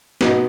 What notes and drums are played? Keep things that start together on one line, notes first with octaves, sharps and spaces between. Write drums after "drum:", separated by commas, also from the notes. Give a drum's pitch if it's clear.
B2 B3 D#4 F#4, drum: snare